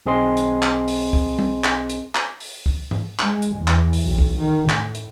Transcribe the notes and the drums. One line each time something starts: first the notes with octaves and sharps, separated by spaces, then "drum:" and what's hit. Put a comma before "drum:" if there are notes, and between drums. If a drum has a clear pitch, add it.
B1 C4 G#4 D#5 C6
drum: hi-hat
drum: clap
drum: open hi-hat
drum: kick
drum: tom
drum: clap
drum: hi-hat
drum: clap
drum: open hi-hat
drum: kick
drum: tom G#2
G#3, drum: clap
drum: hi-hat
E2
drum: clap
drum: open hi-hat
B1
drum: kick
D#3
A2, drum: clap
drum: hi-hat